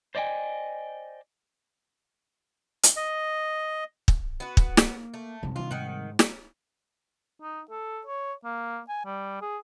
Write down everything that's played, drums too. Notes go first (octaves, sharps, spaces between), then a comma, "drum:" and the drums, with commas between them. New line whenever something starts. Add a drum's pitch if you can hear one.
C5 D5 D#5 G5 G#5
drum: hi-hat
D#5
drum: kick
B3 F#4
drum: kick
A#3, drum: snare
A3
F2 G#2 C3 G3
D#3 D4 F4
G#2 D#3 F#5
drum: snare
D#4
A4
C#5
A#3
G#5
G3
G#4